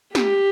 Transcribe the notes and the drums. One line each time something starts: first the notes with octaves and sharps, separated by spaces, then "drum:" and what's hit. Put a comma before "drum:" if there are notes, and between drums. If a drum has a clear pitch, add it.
G4, drum: snare